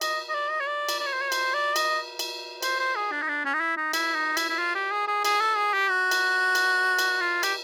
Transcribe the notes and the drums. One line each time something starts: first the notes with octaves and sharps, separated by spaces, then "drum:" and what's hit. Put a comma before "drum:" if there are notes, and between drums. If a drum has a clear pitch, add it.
D#5, drum: cymbal
D#5
D5
D#5
C#5
D5
drum: cymbal
D5
C#5
C5
C#5
C5, drum: cymbal
D5
D#5, drum: cymbal
drum: cymbal
C5, drum: cymbal
C5
G#4
D4
D#4
D4
C#4
D#4
E4
D#4
E4, drum: cymbal
D#4
E4, drum: cymbal
E4
F4
G4
G#4
G#4
G#4, drum: cymbal
A4
G#4
G4
F#4
drum: cymbal
drum: cymbal
drum: cymbal
F4
G4, drum: cymbal